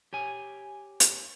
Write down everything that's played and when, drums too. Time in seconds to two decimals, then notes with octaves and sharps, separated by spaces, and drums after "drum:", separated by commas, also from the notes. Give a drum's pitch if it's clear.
0.13 G4 C#5 G#5
1.00 drum: hi-hat